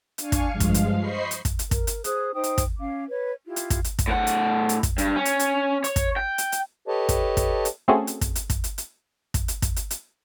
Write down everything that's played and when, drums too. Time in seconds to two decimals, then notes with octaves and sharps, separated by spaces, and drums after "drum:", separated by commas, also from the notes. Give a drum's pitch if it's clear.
0.18 D4 F5 G#5 C#6, drum: hi-hat
0.32 drum: kick, hi-hat
0.51 G2 F3 G#3 F5
0.60 drum: kick, hi-hat
0.74 drum: hi-hat
0.97 C5 D#5 B5 C#6 C7
1.31 drum: hi-hat
1.45 drum: kick, hi-hat
1.59 drum: hi-hat
1.71 A#4, drum: kick, hi-hat
1.87 drum: hi-hat
2.04 G#4 C5 D#6 F#6, drum: hi-hat
2.33 D#4 C5 G5 D#6
2.44 drum: hi-hat
2.58 drum: kick, hi-hat
2.79 C#4 F5 D6
3.09 B4 C#5
3.46 E4 F4 G4
3.56 drum: hi-hat
3.70 drum: kick, hi-hat
3.84 drum: hi-hat
3.99 drum: kick, hi-hat
4.08 A2 F#5
4.27 drum: hi-hat
4.69 drum: hi-hat
4.83 drum: kick, hi-hat
4.98 G2, drum: hi-hat
5.16 C#4
5.25 drum: hi-hat
5.39 drum: hi-hat
5.84 C#5, drum: hi-hat
5.96 drum: kick, hi-hat
6.16 G5
6.38 drum: hi-hat
6.52 drum: hi-hat
6.88 G4 A4 B4 C#5 D#5 A5
7.09 drum: kick, hi-hat
7.37 drum: kick, hi-hat
7.65 drum: hi-hat
7.88 A3 C4 C#4 F#4 G#4 A4
8.07 drum: hi-hat
8.21 drum: kick, hi-hat
8.35 drum: hi-hat
8.50 drum: kick, hi-hat
8.64 drum: hi-hat
8.78 drum: hi-hat
9.34 drum: kick, hi-hat
9.48 drum: hi-hat
9.62 drum: kick, hi-hat
9.76 drum: hi-hat
9.91 drum: hi-hat